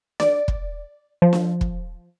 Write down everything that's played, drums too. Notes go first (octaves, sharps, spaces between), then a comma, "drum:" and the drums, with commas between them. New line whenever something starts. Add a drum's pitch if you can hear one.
D5, drum: snare
drum: kick
F3
drum: snare
drum: kick